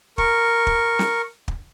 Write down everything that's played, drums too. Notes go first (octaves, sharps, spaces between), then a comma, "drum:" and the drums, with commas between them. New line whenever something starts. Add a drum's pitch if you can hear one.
A#4 C#6, drum: kick
drum: kick
drum: snare
drum: kick